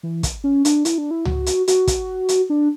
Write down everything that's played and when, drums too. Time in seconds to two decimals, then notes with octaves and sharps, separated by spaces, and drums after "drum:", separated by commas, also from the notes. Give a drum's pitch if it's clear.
0.03 E3
0.23 drum: kick, hi-hat
0.44 C#4
0.65 D4, drum: hi-hat
0.85 E4, drum: hi-hat
0.98 D4
1.11 E4
1.25 F#4, drum: tom C#2
1.46 drum: hi-hat
1.68 F#4, drum: hi-hat
1.87 drum: kick, hi-hat
2.29 drum: hi-hat
2.50 D4